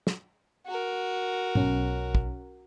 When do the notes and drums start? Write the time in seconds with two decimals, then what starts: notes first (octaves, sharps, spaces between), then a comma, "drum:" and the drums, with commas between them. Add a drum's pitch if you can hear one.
0.07 drum: snare
0.67 F#4 A#4
1.55 B1 C#4, drum: tom G#2
2.15 drum: kick